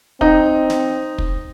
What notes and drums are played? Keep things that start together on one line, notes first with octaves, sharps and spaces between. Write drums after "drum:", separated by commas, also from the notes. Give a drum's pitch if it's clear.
C4 D#4, drum: kick
drum: snare
drum: kick